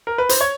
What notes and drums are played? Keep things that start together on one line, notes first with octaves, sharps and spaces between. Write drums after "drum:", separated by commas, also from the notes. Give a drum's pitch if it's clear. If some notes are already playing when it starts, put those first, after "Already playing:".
A#4
B4
C5, drum: hi-hat
C#5